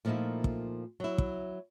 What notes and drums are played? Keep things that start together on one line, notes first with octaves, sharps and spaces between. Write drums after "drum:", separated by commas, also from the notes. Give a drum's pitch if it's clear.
A#2 F3 A3 A#3 D#4 E4
drum: kick
F#3 E4
drum: kick